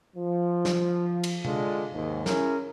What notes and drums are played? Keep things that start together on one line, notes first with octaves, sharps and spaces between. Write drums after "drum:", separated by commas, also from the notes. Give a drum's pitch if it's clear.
F3
drum: snare
drum: cymbal
D3 G#3 D4 F4, drum: tom C3
D#2 G#2
C#4 E4 G#4 A#4, drum: snare